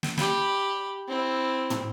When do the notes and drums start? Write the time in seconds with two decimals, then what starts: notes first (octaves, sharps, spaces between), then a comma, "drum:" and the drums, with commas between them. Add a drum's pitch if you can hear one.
0.03 drum: snare
0.17 G4 B5, drum: snare
1.08 C4 E4
1.70 drum: tom